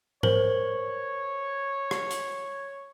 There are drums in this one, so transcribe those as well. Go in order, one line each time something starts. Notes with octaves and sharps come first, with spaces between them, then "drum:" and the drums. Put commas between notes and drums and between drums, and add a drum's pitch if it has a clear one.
A#4 C5 C#5 F#7, drum: tom G#2
drum: rim click
drum: hi-hat